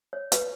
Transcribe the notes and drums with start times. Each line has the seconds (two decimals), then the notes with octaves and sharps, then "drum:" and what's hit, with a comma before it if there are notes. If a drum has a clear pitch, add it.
0.13 C#5
0.32 B4, drum: hi-hat